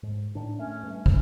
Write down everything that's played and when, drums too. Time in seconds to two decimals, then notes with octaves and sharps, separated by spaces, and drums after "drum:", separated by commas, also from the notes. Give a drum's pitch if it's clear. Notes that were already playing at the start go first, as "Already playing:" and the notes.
0.03 G#2
0.35 A2 D#3 D4
0.59 A3 C#4
0.83 G2 A3
1.06 drum: kick